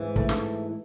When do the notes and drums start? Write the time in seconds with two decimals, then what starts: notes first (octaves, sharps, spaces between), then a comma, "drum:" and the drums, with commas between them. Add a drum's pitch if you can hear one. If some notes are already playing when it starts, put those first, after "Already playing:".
Already playing: G#2 E3
0.16 A3, drum: kick
0.29 drum: snare